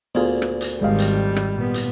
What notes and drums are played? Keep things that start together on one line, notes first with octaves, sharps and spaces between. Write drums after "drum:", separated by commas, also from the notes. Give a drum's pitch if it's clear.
D2 A#2 B3 F4 G#4
drum: rim click
drum: hi-hat
G#1 D#3 G3 G#3 D#5 F5
drum: hi-hat
drum: rim click
A#2 B3
drum: hi-hat